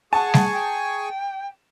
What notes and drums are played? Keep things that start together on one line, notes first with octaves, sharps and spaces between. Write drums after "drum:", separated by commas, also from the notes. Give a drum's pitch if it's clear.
G#4 F#5 G#5 A5 C#6
drum: snare G3
G5